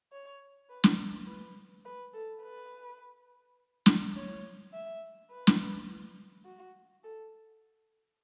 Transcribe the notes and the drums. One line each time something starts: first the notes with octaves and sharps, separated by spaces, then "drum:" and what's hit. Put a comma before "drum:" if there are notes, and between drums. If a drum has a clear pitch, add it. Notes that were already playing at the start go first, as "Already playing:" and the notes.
C#5
B4
drum: snare
B4
B4
A4
B4
drum: snare
C#5
E5
B4
drum: snare
F#4
A4